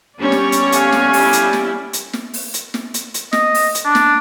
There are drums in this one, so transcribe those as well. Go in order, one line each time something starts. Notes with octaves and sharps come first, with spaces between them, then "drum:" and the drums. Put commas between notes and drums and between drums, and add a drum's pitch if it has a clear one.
G3 B3 C#4 C#5 D5
drum: snare
drum: hi-hat
A3 F5 G#5, drum: hi-hat
drum: snare
G3 E4, drum: open hi-hat
drum: hi-hat
drum: snare
drum: hi-hat
drum: snare
drum: open hi-hat
drum: hi-hat
drum: snare
drum: hi-hat
drum: hi-hat
D#5, drum: snare
drum: open hi-hat
drum: hi-hat
D4
drum: snare